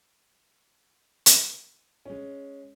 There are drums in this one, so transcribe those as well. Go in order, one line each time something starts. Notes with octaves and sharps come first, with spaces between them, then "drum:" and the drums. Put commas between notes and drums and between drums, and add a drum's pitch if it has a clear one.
drum: hi-hat
G#3 C#4